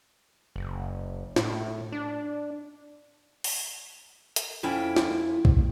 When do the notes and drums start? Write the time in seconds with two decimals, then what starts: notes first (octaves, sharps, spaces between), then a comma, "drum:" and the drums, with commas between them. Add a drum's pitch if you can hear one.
0.56 F#1
1.36 A2, drum: snare
1.92 D4
3.44 drum: open hi-hat
4.36 drum: hi-hat
4.63 F2 C#4 E4 G5
4.96 drum: snare
5.45 drum: kick B1